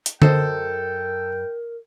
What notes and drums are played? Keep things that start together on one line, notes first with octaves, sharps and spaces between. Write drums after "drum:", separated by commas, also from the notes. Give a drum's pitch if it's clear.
drum: hi-hat
F#2 A4 A#4 C5 D#5 G5, drum: tom D3